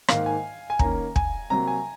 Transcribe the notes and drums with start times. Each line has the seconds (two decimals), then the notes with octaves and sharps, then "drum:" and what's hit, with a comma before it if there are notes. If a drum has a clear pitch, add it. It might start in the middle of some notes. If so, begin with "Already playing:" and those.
0.08 G#2 D#3 A#3 F5, drum: rim click
0.26 G#5
0.70 G#5
0.79 D#3 A#3 C#4 A#5, drum: kick
1.16 G#5, drum: kick
1.50 C3 F#3 A#3 A#5
1.67 G#5